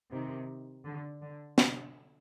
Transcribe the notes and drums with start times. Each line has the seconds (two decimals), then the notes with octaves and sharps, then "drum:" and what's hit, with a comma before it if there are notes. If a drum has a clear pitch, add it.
0.11 C3 D#3
0.85 D3
1.22 D3
1.58 D3, drum: snare